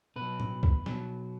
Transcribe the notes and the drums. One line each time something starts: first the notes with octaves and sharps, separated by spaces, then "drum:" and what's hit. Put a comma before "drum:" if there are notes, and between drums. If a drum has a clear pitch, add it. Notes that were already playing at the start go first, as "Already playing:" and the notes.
B2 B4
F#3
drum: tom A2
drum: kick
B2 F#3, drum: snare